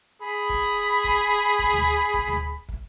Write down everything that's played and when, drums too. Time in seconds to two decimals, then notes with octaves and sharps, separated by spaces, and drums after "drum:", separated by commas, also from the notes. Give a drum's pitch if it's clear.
0.22 G#4 B5
0.49 drum: kick
1.04 drum: kick
1.59 drum: kick
1.73 drum: tom D2
2.14 drum: kick
2.28 drum: tom D2
2.69 drum: kick